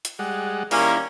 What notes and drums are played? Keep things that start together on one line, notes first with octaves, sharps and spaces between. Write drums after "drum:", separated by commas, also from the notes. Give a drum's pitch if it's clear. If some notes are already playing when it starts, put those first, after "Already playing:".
drum: hi-hat
G3 G#3 F#5
D#3 G3 A#3 C#4 E4 A#5, drum: open hi-hat